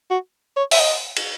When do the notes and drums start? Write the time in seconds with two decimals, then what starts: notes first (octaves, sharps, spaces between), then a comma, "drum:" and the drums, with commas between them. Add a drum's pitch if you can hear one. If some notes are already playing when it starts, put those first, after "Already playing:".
0.11 F#4
0.57 C#5
0.71 E5, drum: open hi-hat
0.79 D#5
1.17 drum: cymbal